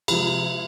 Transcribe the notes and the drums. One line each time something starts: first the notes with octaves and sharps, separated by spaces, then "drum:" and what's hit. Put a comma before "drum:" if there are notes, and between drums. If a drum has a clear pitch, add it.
C3 F3 G#3 B5, drum: cymbal